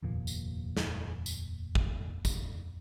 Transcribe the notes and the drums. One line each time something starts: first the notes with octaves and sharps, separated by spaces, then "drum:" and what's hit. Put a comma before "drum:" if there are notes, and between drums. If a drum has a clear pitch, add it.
F1 D#2 A#2 F3
drum: tambourine
drum: snare
drum: tambourine
drum: kick
drum: kick, tambourine